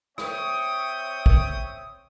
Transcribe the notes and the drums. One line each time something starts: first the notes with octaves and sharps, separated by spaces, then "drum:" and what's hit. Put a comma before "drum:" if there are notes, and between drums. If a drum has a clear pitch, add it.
C4 C#5 E5 G5 C#6 D#6, drum: rim click
drum: kick